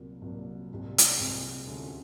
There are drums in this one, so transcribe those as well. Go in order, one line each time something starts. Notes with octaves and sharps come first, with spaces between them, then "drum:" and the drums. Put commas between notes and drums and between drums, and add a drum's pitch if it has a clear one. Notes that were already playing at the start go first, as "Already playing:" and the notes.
Already playing: C2 A#2 F#3 A#3
C2 A#2 F#3 A#3
C2 C3 F3 G#3
drum: hi-hat
C2 C3 F3 G#3
D2 C3 F3 G#3 C#4